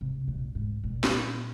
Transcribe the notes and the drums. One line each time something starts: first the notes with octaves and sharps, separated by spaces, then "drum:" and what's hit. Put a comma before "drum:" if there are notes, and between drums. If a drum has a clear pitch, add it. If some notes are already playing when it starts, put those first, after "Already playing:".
C3
A#2
G#2
A#2
drum: snare